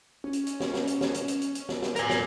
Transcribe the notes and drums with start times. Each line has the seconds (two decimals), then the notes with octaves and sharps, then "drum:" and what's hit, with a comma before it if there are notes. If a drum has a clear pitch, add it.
0.24 C#4
0.33 drum: hi-hat
0.47 drum: hi-hat
0.60 drum: snare
0.74 drum: snare
0.87 drum: hi-hat
1.01 drum: snare
1.14 drum: hi-hat
1.28 drum: hi-hat
1.42 drum: hi-hat
1.55 drum: hi-hat
1.69 drum: snare
1.82 drum: snare
1.96 A#4 G#5, drum: hi-hat
2.09 drum: snare